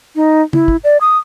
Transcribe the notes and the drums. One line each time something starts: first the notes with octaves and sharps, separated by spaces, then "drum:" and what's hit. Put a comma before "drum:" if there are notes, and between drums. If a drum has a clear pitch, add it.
D#4
E4, drum: tom
drum: kick
D5
D#6